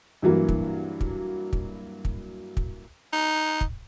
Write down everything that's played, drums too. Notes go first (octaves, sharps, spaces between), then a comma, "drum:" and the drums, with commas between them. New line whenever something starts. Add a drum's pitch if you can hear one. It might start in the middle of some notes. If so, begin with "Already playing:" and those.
G2 E3 F#3 A#3
drum: kick
drum: kick
drum: kick
drum: kick
drum: kick
D#4
drum: kick